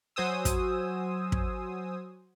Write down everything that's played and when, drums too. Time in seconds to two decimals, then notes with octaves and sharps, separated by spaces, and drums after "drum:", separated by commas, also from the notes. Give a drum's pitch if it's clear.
0.16 F#3 F#4 C5 G#5 D#6 E6
0.45 drum: kick, hi-hat
1.32 drum: kick